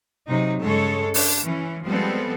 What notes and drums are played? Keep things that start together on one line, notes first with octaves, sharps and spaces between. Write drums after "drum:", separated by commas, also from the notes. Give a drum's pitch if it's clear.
C3 F#3 D#4
G2 C#3 G#3 A4 C#5
D4, drum: open hi-hat
E3 C#4
F3 G3 G#3 B3 C4 A4